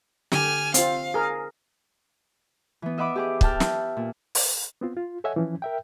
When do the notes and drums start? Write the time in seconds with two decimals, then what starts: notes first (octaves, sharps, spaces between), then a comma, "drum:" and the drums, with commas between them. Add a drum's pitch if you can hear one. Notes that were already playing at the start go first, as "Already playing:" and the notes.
0.32 D3 G4 G#5 F6, drum: snare
0.74 C4 F4 F5, drum: hi-hat
1.14 G#4 A#4
2.82 E3 B3
2.98 D#5 E5 F#5 B5 D6
3.16 G4 G#4 D6
3.41 E5 G5 A5 F6, drum: kick
3.60 drum: snare
3.97 A#2
4.35 drum: open hi-hat
4.81 B3 C4 F4
4.97 F4
5.24 A4 C#5 D#5 E5 F#5 G#5
5.36 E3 F3 C#4
5.62 A#4 E5 G5